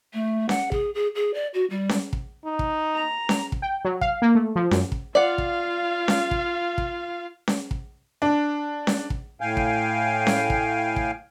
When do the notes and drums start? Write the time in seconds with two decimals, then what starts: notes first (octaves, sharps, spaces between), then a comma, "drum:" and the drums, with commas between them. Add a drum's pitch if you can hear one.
0.14 A3
0.49 F#5, drum: snare C#4
0.72 G#4, drum: kick
0.95 G#4
1.15 G#4
1.34 D5
1.54 F#4
1.70 G3
1.89 drum: snare C#4
2.13 drum: kick
2.45 D#4
2.59 drum: kick
2.96 A#5
3.29 drum: snare C#4
3.52 drum: kick
3.62 G5
3.85 F#3
4.01 F5, drum: kick
4.22 A#3
4.35 A3
4.56 F3
4.71 F#2, drum: snare C#4
4.92 drum: kick
5.15 F4 D5 F5 F#5
5.38 drum: kick
6.08 drum: snare C#4
6.31 drum: kick
6.78 drum: kick
7.48 drum: snare C#4
7.71 drum: kick
8.22 D4
8.87 drum: snare C#4
9.10 drum: kick
9.41 A2 F5 G5 G#5
9.57 drum: kick
10.27 drum: snare C#4
10.50 drum: kick
10.96 drum: kick